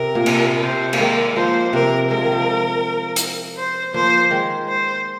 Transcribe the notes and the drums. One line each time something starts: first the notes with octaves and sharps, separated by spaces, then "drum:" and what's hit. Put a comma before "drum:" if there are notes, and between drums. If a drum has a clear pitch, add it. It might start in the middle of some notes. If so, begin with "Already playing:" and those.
Already playing: C3 A#4
A#2
C3, drum: cymbal
C3 C5
A#3, drum: cymbal
D#3 G#3 A#4
F3 A#3 C5
C3 A#4
G#3 A#4
F3
D#3
F3
drum: hi-hat
C5
F3 A#3 C5
D#3 G#3
C5